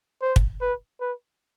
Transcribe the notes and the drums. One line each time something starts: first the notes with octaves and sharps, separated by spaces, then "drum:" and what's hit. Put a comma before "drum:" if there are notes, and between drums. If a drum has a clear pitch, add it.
C5
drum: kick
B4
B4